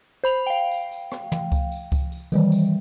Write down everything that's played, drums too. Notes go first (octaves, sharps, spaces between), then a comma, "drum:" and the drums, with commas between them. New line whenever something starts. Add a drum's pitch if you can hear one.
C5 B5 F7
F5 G5
drum: tambourine
drum: tambourine
drum: rim click
drum: tom
drum: kick C#2, tambourine
drum: tambourine
drum: kick C#2, tambourine
drum: tambourine
D#3 E3 G3, drum: tambourine
drum: tambourine